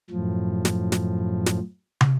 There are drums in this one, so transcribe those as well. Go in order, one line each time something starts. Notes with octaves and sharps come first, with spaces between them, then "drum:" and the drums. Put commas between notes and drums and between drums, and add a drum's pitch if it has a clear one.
F#2 A2 F3
drum: snare
drum: snare
drum: snare
drum: tom